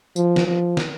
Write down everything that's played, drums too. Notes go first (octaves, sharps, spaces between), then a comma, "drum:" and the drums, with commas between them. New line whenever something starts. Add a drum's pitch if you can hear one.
F3, drum: tambourine
drum: snare
F3
drum: snare